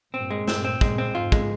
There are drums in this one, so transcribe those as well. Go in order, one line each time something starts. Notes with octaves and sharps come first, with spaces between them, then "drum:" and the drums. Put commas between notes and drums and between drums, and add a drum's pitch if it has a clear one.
G2 A#2 C4
G#3
G2 A#2 C4, drum: snare
C4
G2 A#2 G#3, drum: kick
C4
F2 G#2 F4
G#3, drum: kick